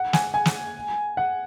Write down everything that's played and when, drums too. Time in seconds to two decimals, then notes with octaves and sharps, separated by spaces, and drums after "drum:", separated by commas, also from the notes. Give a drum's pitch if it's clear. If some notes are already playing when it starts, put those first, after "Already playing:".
Already playing: F#5
0.13 G#5, drum: snare
0.34 G#5
0.45 drum: snare
1.17 F#5